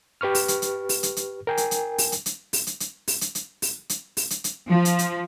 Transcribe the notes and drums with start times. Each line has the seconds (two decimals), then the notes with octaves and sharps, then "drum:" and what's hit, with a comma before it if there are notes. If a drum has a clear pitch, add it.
0.21 G4 B4 C#6 F6
0.35 drum: open hi-hat
0.48 drum: hi-hat
0.62 drum: hi-hat
0.89 drum: open hi-hat
1.03 drum: hi-hat
1.16 drum: hi-hat
1.47 A#4 G5 G#5
1.57 drum: hi-hat
1.71 drum: hi-hat
1.98 drum: open hi-hat
2.12 drum: hi-hat
2.26 drum: hi-hat
2.53 drum: open hi-hat
2.67 drum: hi-hat
2.80 drum: hi-hat
3.08 drum: open hi-hat
3.21 drum: hi-hat
3.35 drum: hi-hat
3.62 drum: open hi-hat
3.89 drum: hi-hat
4.17 drum: open hi-hat
4.30 drum: hi-hat
4.44 drum: hi-hat
4.67 F3
4.85 drum: hi-hat
4.99 drum: hi-hat